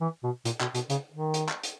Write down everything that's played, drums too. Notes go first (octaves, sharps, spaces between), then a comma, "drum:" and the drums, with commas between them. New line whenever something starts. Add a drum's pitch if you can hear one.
E3
B2
A#2, drum: hi-hat
B2, drum: clap
B2, drum: hi-hat
C#3, drum: hi-hat
D#3
drum: hi-hat
drum: clap
drum: hi-hat